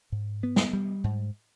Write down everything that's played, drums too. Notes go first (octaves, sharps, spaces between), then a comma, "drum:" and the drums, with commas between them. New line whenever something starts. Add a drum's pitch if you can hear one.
G#2
B3
drum: snare
G3
G#2